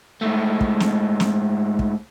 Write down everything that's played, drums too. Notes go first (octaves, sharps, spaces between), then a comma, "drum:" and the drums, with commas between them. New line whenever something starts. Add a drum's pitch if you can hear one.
G#2 A3
drum: kick
drum: snare
drum: snare
drum: kick